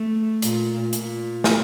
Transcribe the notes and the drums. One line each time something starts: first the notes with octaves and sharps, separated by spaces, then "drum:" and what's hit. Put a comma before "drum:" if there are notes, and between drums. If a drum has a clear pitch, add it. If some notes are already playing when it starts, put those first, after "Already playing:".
Already playing: A3
A#2, drum: hi-hat
A#2, drum: hi-hat
drum: snare